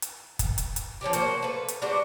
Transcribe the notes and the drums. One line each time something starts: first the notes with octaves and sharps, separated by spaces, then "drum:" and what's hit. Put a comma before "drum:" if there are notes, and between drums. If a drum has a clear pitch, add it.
drum: hi-hat
drum: kick, hi-hat
drum: hi-hat
drum: hi-hat
F3 C#4 D4 G4
A#3 F#4 C5, drum: hi-hat
A3 B4
drum: hi-hat
G3 D4 F#4 C5